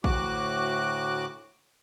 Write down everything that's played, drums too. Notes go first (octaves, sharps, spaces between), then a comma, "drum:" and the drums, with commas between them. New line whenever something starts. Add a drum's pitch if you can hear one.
D2 A2 F#4 D6 F#6, drum: kick A1